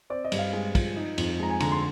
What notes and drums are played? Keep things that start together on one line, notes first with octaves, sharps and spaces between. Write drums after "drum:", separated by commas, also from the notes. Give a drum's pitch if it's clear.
C4 D5
D#5
G2, drum: cymbal
F5
G#3
F3, drum: kick, cymbal
D#4
F2, drum: cymbal
G#3 A#5
G#5
D3 A#5, drum: cymbal
C6